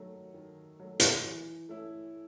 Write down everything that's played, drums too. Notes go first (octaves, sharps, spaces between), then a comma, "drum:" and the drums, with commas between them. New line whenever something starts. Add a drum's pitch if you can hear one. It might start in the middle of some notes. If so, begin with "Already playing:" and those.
Already playing: D#3 F#3 A3
D#3
F#3 A3
drum: hi-hat
E3
A3 C#4 E4